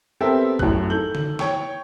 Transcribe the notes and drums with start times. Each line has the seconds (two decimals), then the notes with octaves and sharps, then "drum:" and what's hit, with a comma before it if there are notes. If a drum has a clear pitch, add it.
0.20 B3 C4 G4 A4 A#4 E5
0.59 F#2 A2 F#6, drum: kick A1
0.90 D#3 A4 G6 F#7
1.15 drum: tom
1.39 C#5 G5 C#6, drum: snare